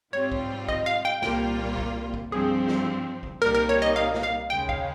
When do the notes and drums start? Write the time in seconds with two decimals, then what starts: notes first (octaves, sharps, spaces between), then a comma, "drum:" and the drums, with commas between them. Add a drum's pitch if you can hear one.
0.13 G#2 G3 C4 F4 C#5
0.32 drum: kick A#1
0.68 D#5, drum: kick A#1
0.86 F5
1.05 G5
1.22 C2 A#2 G3 A#3 F4 G5, drum: snare
1.77 drum: kick A#1
2.14 drum: kick A#1
2.32 G2 F3 C4 G#4
2.68 drum: snare
3.23 drum: kick A#1
3.41 C2 A#2 G3 A#3 D#4 A#4
3.55 A#4
3.69 C#5
3.82 D#5
3.96 F5
4.14 drum: snare
4.23 F5
4.50 D#2 C#3 G#3 C#4 G5
4.69 F5, drum: kick A#1